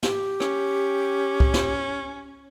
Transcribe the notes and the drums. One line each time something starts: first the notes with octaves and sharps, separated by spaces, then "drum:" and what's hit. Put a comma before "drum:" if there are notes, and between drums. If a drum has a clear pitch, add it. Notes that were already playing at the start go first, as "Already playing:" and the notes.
G4, drum: snare
C#4, drum: rim click
drum: kick
drum: snare